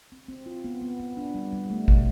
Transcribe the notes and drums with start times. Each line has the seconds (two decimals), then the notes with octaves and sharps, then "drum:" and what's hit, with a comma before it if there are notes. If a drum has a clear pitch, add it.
0.12 C4
0.28 C4
0.46 F4
0.64 B3
0.81 B3
0.99 B3
1.17 D4
1.34 G3
1.52 G3
1.70 A3
1.88 B2, drum: kick A1